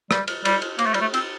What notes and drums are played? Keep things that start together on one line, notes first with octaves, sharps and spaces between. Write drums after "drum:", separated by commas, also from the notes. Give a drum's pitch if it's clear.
G3, drum: rim click
drum: cymbal
G3, drum: cymbal
drum: cymbal
A#3, drum: cymbal
A3
G3, drum: cymbal
A3
C4, drum: cymbal